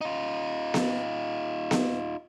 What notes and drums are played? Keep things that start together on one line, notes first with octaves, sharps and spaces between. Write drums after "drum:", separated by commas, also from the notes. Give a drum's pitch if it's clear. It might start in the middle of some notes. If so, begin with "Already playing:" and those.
D#4 F4
drum: snare B3
drum: snare B3